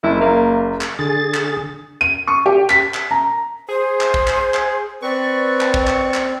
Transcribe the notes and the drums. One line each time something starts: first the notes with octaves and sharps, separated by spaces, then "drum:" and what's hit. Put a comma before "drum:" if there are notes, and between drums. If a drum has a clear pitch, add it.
F#1 E4
A#3
drum: clap
D3 G#4 A6
drum: clap
D#7
C#6
G4
B6, drum: clap
drum: clap
A#5
G#4 C5
drum: clap
drum: kick
drum: clap
drum: clap
C4 B4 D5 C#6
drum: clap
drum: kick
drum: clap
drum: clap